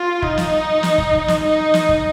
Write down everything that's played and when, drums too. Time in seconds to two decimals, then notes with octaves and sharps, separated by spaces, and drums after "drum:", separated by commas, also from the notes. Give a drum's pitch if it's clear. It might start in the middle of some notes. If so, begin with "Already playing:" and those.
Already playing: F4
0.22 D#4, drum: kick
0.37 drum: snare
0.83 drum: snare
0.98 drum: kick
1.13 drum: kick
1.28 drum: snare
1.43 D#4
1.74 drum: snare
1.89 drum: kick